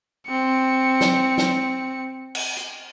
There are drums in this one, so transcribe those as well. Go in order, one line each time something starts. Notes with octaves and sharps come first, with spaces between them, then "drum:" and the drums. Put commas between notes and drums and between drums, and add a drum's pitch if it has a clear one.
C4 C#7
drum: snare
drum: snare
drum: cymbal
drum: hi-hat